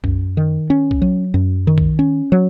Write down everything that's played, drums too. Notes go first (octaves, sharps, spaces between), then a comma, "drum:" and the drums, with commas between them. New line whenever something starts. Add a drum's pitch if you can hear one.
F#2, drum: kick B1
D#3
C#4
drum: kick B1
F#3
F#2
D#3
drum: kick B1
C#4
F#3